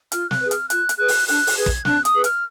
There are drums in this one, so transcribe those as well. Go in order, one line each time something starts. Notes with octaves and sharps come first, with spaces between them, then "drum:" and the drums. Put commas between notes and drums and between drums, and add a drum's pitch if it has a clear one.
F4 F6, drum: hi-hat
F#6, drum: snare
G#4 B4
F6, drum: hi-hat
F4 F#6, drum: hi-hat
drum: hi-hat
G#4 B4 F#6
drum: open hi-hat
D4 F#6, drum: open hi-hat
drum: open hi-hat
G#4 B4 G#6
drum: kick
D4 F#6, drum: snare
D#6, drum: hi-hat
G#4 B4
F6, drum: hi-hat